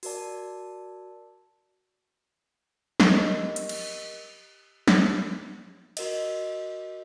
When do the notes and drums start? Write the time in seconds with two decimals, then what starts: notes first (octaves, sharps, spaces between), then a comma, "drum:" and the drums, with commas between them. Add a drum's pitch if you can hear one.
0.03 F#4 A#4 D5 A5, drum: open hi-hat
3.00 G4 A#4 D#5, drum: snare
3.56 drum: hi-hat
3.69 drum: cymbal
4.88 drum: snare
5.97 F#4 A#4 D#5, drum: cymbal